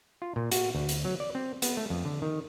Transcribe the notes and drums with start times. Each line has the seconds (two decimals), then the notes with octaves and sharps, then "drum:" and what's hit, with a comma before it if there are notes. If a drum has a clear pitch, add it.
0.22 F4
0.36 A#2
0.51 F#4, drum: hi-hat
0.75 D2
0.89 drum: hi-hat
1.05 F#3
1.20 D5
1.35 C4
1.62 B3, drum: hi-hat
1.77 A3
1.90 F2
2.05 D3
2.22 D#3